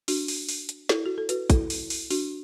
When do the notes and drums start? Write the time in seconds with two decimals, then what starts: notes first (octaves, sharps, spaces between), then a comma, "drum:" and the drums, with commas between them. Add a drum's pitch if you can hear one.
0.08 D4 F#4, drum: open hi-hat
0.28 drum: open hi-hat
0.49 drum: open hi-hat
0.69 drum: hi-hat
0.89 E4 A4, drum: snare
1.06 F#4
1.18 A4
1.29 F#4 B4, drum: hi-hat
1.50 E4 A4, drum: kick, hi-hat
1.70 drum: open hi-hat
1.90 drum: open hi-hat
2.10 D4 F#4, drum: open hi-hat